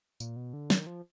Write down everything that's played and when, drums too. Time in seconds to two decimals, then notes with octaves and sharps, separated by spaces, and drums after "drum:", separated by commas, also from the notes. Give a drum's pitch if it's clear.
0.20 A#2, drum: tambourine
0.36 B2
0.53 D3
0.70 D#3, drum: snare
0.87 F3